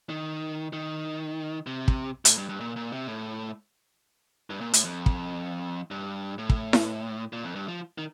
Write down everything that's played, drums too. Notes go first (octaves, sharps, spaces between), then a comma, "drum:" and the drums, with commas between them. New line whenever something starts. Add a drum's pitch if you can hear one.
D#3
D#3
C3
drum: kick
A2, drum: hi-hat
G2
G2
A#2
A#2
C3
A2
G2
A#2
A2, drum: hi-hat
F2
drum: kick
G2
A2
drum: kick
drum: snare E4
A#2
F2
G2
F3
D#3